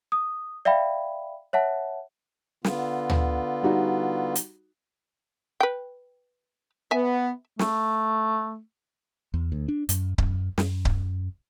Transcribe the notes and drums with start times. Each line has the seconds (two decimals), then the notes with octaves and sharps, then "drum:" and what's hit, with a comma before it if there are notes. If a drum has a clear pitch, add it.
0.12 D#6
0.65 D5 E5 F5 G5 B5
1.53 C#5 E5 F#5 A5
2.65 D3 B3 F4, drum: snare
3.09 drum: tom
3.63 G3 D#4 F#4
4.35 drum: hi-hat
5.61 B4 G5
6.91 B3 E5 G#5
7.59 A3, drum: snare
9.34 E2
9.52 D2
9.68 D4
9.89 F#2, drum: hi-hat
10.18 F#2, drum: kick C#1
10.58 F#2, drum: snare
10.85 drum: kick C#1